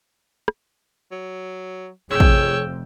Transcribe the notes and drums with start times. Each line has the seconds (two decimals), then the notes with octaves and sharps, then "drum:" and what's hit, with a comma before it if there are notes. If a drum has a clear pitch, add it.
0.48 drum: rim click
1.12 F#3
2.11 F1 F2 G#4 C#5 G5 E6
2.20 drum: kick